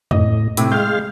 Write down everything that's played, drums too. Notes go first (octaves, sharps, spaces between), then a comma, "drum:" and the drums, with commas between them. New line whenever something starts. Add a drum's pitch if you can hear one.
A2 D#5, drum: tom
A2 C3, drum: hi-hat
G#3 F5 G6